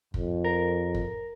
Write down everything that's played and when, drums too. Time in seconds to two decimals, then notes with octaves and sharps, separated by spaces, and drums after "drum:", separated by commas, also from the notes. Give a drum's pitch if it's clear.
0.14 F2, drum: kick
0.44 A#4
0.95 drum: kick